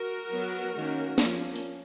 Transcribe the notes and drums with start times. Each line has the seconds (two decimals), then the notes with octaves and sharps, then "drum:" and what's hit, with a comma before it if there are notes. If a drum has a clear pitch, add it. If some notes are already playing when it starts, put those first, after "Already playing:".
Already playing: F#4 A#4
0.30 F#3 B3
0.74 D#3 A#3 C#4
1.18 F3 A#3 C#4, drum: snare
1.55 drum: open hi-hat